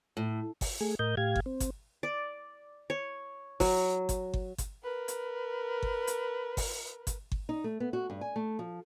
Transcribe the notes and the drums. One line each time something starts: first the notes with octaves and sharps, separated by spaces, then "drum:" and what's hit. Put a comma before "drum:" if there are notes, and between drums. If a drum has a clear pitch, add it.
A2
drum: kick G1, open hi-hat
A3 G#4
A2 A#4 D#5 G6
A2 G4 F5 G#6
drum: kick G1
C4
drum: kick G1, hi-hat
D5
C#5
F#3, drum: kick G1, open hi-hat
drum: kick G1, hi-hat
drum: kick G1
drum: kick G1, hi-hat
A#4 B4
drum: hi-hat
drum: kick G1
drum: hi-hat
drum: kick G1, open hi-hat
drum: kick G1, hi-hat
drum: kick G1
D#4
A3
B3
F#4
G2
G#5
A3
F3